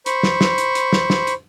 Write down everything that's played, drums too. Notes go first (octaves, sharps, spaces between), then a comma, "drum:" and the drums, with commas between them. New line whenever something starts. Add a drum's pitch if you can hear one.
C5 B5 C#6, drum: hi-hat
drum: snare
drum: snare
drum: hi-hat
drum: hi-hat
drum: snare
drum: snare
drum: hi-hat